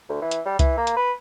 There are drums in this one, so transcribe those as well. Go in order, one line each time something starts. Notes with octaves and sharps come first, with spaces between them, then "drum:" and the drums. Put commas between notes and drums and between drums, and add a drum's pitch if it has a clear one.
D2
E3
drum: hi-hat
G3
E3, drum: kick C2, hi-hat
A#3
drum: hi-hat
B4